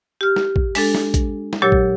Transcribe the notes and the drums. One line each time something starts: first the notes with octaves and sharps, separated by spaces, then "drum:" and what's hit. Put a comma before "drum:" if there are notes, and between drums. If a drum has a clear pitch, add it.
G4 F6
drum: snare
drum: kick
G#3 D4 A4, drum: open hi-hat
drum: snare
drum: kick, hi-hat
drum: snare
A#2 F#3 G4 C#5 E6 A6
drum: kick